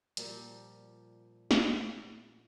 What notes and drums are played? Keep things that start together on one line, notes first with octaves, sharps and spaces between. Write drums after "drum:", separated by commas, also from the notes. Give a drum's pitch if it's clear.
A#2 F3 G3, drum: hi-hat
drum: snare